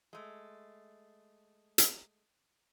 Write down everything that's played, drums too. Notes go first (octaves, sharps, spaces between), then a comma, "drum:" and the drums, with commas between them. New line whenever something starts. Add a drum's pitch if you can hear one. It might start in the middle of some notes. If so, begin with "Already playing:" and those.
G#3 A3
drum: hi-hat